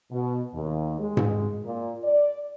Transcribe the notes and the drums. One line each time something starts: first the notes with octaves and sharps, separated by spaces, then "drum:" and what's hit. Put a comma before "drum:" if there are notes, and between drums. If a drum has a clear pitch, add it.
B2
D#2
G#3
drum: tom G#2
A#2
D5